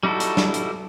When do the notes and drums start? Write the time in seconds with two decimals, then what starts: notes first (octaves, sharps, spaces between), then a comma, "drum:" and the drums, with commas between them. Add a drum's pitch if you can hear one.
0.03 G3 D#4 E4 F#4 A4
0.20 drum: hi-hat
0.37 drum: snare
0.54 drum: hi-hat